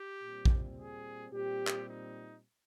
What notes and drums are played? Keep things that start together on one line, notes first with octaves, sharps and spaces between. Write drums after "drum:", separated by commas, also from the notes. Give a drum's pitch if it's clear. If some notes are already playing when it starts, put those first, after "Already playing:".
Already playing: G4
A#2 G3 C4
drum: kick
G#4
A#2 G3 C4 G4
drum: clap
D#4